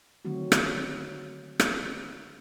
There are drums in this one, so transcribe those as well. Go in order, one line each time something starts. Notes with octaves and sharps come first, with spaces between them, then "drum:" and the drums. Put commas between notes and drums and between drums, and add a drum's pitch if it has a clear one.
D3 D#3 F#3 A3 C4 F#4
drum: rim click
drum: rim click